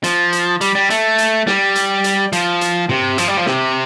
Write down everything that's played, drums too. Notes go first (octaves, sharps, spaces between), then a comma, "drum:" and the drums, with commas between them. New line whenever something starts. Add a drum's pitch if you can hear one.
F3, drum: hi-hat
drum: hi-hat
G3, drum: hi-hat
G3
A3, drum: hi-hat
drum: hi-hat
G3, drum: snare
drum: hi-hat
drum: hi-hat
F3, drum: hi-hat
drum: hi-hat
C3, drum: tom
F3, drum: hi-hat
G3
F3
C3, drum: snare